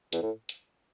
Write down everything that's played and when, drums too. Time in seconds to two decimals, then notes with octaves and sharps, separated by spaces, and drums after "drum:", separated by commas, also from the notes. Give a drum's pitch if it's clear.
0.13 E2, drum: hi-hat
0.22 A2
0.49 drum: hi-hat